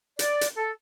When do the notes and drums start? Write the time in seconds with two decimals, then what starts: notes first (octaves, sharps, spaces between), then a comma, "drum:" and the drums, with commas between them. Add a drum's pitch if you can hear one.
0.19 D5, drum: hi-hat
0.41 drum: hi-hat
0.57 A4